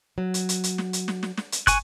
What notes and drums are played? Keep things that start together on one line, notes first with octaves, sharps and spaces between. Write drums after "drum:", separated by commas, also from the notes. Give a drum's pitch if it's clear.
F#3
drum: hi-hat
drum: hi-hat
drum: hi-hat
drum: snare
drum: hi-hat
drum: snare
drum: snare
drum: snare
drum: hi-hat
G#5 C#6 F#6, drum: kick, hi-hat